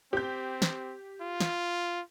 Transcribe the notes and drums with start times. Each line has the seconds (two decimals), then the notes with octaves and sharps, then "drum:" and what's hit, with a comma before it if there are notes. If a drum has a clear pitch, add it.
0.13 C4 G4 G6
0.62 drum: snare
1.21 F4
1.40 drum: snare